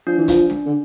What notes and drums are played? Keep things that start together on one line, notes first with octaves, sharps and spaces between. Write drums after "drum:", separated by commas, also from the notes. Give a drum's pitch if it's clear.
F3 D4
E3
F3, drum: kick, hi-hat
drum: snare C#4
D3